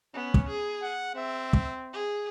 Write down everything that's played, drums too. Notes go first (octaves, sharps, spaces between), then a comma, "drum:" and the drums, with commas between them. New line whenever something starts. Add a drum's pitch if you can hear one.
B3 C#4
drum: kick
G#4
F#5
C4 E5
drum: kick
G#4